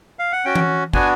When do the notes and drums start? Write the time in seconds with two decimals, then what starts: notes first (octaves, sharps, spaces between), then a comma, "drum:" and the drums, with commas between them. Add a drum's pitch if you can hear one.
0.19 F5
0.32 F#5
0.45 C#4 F#4 G5
0.55 drum: tom E3
0.94 B3 D4 F#4 G#5, drum: kick